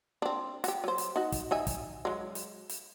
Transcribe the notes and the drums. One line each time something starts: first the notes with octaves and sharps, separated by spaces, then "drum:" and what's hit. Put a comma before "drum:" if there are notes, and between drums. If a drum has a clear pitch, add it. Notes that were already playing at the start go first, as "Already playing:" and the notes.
C4 D4
F#4 G4, drum: hi-hat
F#3 C5
drum: hi-hat
D#4 F#4
drum: kick, hi-hat
D#4 E5 G#5
drum: kick, hi-hat
F#3 G#3
drum: hi-hat
drum: hi-hat